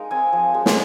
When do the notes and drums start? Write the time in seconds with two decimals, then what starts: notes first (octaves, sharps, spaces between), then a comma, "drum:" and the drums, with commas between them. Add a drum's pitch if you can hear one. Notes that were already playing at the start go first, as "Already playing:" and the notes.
Already playing: G#3 D#4 A#4 F5
0.11 C4 G#5
0.33 F3
0.54 G#3
0.66 C6, drum: snare